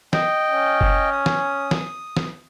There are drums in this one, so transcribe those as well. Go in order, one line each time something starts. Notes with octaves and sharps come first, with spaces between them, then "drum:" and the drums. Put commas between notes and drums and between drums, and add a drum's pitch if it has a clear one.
D#5 G5, drum: snare
C#4
drum: kick F#1
D#6
drum: snare
drum: snare
drum: snare